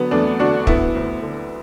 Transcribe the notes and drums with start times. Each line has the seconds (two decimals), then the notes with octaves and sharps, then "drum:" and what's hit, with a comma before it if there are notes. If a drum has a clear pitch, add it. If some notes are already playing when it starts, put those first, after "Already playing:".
Already playing: D3 F#3 B3
0.11 E2 A3 D4
0.39 D3 D4 F#4
0.67 D3 B3 E4, drum: kick
0.95 D2
1.23 D3